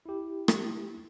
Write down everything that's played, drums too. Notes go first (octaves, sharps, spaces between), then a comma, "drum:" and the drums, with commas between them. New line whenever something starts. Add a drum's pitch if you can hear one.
E4 G4
drum: rim click